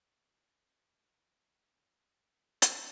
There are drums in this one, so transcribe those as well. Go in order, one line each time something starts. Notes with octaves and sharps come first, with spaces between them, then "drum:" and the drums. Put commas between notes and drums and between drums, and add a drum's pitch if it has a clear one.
B5 C6
drum: hi-hat